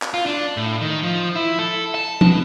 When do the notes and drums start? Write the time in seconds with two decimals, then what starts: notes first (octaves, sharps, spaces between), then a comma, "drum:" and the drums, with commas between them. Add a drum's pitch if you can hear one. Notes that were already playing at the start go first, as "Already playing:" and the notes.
0.02 drum: clap
0.14 F4
0.26 D4
0.57 A2
0.81 D#3
1.02 F3
1.36 E4
1.59 A4
1.95 A5
2.21 B2, drum: tom F3